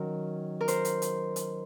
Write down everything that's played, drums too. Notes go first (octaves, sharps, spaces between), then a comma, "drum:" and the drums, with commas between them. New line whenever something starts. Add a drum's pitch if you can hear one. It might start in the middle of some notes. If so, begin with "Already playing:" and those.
Already playing: D#3 F#3 C#4 A#4
A#4
C5, drum: hi-hat
drum: hi-hat
drum: hi-hat
drum: hi-hat